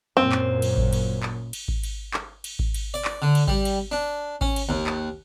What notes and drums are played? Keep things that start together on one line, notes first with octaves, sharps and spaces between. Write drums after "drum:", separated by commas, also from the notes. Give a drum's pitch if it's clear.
F#2 A#2 C4
drum: clap
drum: cymbal
drum: kick G#1
drum: cymbal
drum: clap
drum: cymbal
drum: kick G#1
drum: cymbal
drum: clap
drum: cymbal
drum: kick G#1
drum: cymbal
D5
drum: clap
D3
drum: cymbal
G3, drum: kick G#1
drum: cymbal
D4
C#4, drum: kick G#1
drum: cymbal
D#2
drum: clap